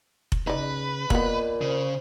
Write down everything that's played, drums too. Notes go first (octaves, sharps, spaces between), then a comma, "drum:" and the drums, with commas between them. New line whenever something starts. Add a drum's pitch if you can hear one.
drum: kick F1
C#3 D#4 B4 D5
A#2 A#3 B3 D#5, drum: kick F1
C#3 C5